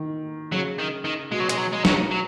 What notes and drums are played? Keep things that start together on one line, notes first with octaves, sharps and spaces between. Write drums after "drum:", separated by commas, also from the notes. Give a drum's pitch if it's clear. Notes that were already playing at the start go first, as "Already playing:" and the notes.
Already playing: D#3
C#3 F#3
D#3
D#3
B2 G#3
F#3
G#3, drum: hi-hat
F#3
G#3
F#3, drum: snare
F#3